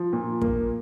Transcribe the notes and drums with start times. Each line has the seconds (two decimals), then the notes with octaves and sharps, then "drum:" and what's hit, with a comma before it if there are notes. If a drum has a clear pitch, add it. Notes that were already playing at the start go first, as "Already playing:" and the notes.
Already playing: F3
0.13 A#2
0.42 A#3, drum: kick